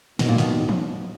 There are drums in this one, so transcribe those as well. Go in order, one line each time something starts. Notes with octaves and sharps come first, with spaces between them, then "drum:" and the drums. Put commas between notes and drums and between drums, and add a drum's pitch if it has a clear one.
D#2 B2 D#3 F#3 A#3 D#4, drum: snare
A#2
B2, drum: snare
drum: tom E3